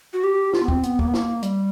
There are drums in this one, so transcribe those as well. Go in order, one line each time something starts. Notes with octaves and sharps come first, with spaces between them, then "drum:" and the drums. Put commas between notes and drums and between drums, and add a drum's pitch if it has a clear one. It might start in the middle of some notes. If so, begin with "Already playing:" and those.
F#4
G4
F4, drum: snare
B3
C4, drum: kick
B3, drum: hi-hat
A#3, drum: kick
B3
A#3, drum: snare
G3, drum: hi-hat